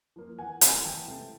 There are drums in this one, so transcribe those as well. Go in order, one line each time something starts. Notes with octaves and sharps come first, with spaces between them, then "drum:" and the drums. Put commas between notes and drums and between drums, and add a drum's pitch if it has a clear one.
F3 A#3
E2 F#5 G#5
C3 E3 A3 F#5 G#5, drum: hi-hat
E2 G5 A5
C3 E3 A3